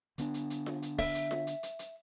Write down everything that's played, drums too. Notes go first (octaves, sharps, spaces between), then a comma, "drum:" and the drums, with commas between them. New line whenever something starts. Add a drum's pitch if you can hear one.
D3 B3 D4, drum: hi-hat
drum: hi-hat
drum: hi-hat
drum: snare F4
drum: hi-hat
E5, drum: kick, open hi-hat
drum: hi-hat
drum: snare F4
drum: hi-hat
drum: hi-hat
drum: hi-hat